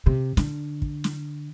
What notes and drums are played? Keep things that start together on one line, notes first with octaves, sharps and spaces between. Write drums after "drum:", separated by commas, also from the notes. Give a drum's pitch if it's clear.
C3
D3, drum: snare
drum: kick
drum: snare